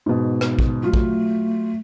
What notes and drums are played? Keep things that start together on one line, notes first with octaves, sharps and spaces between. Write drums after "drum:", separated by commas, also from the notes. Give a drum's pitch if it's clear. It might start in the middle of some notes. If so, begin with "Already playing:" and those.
G#2 B2
drum: rim click
drum: kick
F#3 A3 F4
drum: kick